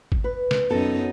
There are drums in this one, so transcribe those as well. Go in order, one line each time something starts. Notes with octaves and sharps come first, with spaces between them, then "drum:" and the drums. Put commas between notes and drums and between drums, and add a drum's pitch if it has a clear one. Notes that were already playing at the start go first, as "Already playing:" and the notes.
drum: kick G#1
B4
drum: snare
F#2 B3 D#4 A4